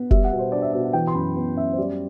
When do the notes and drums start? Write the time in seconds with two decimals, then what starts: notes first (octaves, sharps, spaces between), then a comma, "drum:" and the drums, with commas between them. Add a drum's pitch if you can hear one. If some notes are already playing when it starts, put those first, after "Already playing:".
Already playing: B3
0.11 G3 E5, drum: kick F1
0.24 F#5
0.32 B2
0.38 C5
0.51 D4 D5
0.62 E5
0.72 B2 E5
0.84 F#5
0.93 E3 G5
1.07 C6
1.14 F#2 B5
1.36 B3
1.56 F#2 E5
1.72 C5
1.78 G3 D5